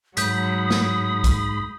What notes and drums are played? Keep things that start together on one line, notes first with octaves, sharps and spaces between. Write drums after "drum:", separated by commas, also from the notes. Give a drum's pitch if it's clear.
G#2 F#3 B5 D#6 G6 B6, drum: hi-hat
drum: snare
drum: kick B1, hi-hat